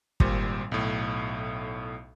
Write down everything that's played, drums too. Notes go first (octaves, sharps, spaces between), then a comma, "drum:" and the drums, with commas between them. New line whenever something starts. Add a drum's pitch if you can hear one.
G#1 A#2 G3 C5, drum: kick
B1 A2